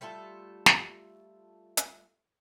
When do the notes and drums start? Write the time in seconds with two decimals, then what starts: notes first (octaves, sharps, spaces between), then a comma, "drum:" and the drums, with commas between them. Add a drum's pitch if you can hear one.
0.01 G3 A3 F4 A4
0.66 drum: snare
1.77 drum: hi-hat